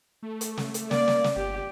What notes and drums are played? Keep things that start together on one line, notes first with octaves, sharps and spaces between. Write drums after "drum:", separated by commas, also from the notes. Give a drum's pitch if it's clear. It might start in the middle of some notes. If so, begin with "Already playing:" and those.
A3
drum: hi-hat
drum: snare
drum: hi-hat
A#3 D5, drum: snare
drum: snare
drum: snare
G1 G4